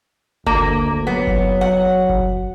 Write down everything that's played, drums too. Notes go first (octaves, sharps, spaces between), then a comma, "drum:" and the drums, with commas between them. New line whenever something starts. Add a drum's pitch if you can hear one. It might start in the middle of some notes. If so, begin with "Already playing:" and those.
D2 A#3, drum: kick F#1
F#3 B3
drum: kick F#1
F#5
drum: kick F#1